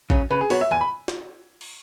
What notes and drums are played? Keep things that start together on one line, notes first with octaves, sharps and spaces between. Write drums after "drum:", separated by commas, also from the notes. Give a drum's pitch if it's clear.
C#3 F#3 C#4, drum: kick A1
C#3 B4
G#4
F#3 B3 F#4 C#5, drum: open hi-hat
E5
E2 G#5
B5
drum: snare
drum: cymbal